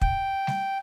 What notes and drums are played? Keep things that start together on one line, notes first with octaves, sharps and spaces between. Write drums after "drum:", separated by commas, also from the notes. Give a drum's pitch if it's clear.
G5, drum: kick
drum: snare G3